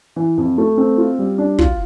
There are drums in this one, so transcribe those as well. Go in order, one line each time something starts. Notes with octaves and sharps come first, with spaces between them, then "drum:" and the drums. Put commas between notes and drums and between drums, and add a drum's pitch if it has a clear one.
E3
F2
A3
C4
F4
G3
D4
F4, drum: kick